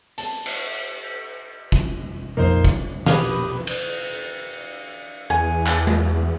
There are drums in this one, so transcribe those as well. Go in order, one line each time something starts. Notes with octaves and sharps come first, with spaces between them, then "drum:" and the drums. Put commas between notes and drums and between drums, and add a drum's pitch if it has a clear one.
A5, drum: hi-hat
drum: cymbal
drum: kick F1
F1 A#1 F2 A#3 D#4 C5
drum: kick F1
A#1 B2 G4 B4 C#5 F5 D#6, drum: snare
drum: cymbal
E2 G#5
drum: clap
drum: tom G#3